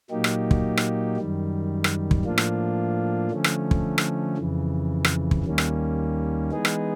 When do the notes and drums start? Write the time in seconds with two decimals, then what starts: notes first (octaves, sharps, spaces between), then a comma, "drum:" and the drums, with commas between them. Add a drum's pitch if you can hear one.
0.10 A#2 F#3 A#3 D#4 G4
0.24 drum: rim click
0.51 drum: kick
0.77 drum: rim click
1.17 F#2 D#3 G3
1.84 drum: rim click
2.11 drum: kick
2.25 A2 F3 A#3 D4 F4
2.38 drum: rim click
3.31 D3 F3 A3 C#4
3.44 drum: rim click
3.71 drum: kick
3.98 drum: rim click
4.37 F2 C#3 E3
5.05 drum: rim click
5.31 drum: kick
5.44 D#2 D#3 G3 A#3 C#4
5.58 drum: rim click
6.52 E3 G#3 B3 D#4 G#4
6.65 drum: rim click